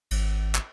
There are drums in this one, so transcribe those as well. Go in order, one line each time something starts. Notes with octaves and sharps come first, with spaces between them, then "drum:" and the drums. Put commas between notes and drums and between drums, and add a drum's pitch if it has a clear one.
G#1, drum: cymbal
drum: clap